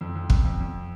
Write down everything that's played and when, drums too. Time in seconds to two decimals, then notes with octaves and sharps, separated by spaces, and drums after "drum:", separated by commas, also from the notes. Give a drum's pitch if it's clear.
0.01 F2
0.15 F2
0.30 F2, drum: kick
0.45 F2
0.60 F2